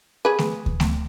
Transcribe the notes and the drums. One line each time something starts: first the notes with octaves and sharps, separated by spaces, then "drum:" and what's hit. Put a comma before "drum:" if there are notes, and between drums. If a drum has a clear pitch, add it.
G#4 B4
drum: snare A3
drum: kick D2
drum: snare A3